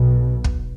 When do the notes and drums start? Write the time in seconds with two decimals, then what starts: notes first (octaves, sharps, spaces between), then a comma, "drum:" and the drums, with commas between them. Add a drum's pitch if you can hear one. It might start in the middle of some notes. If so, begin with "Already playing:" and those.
Already playing: B1 B2
0.44 drum: kick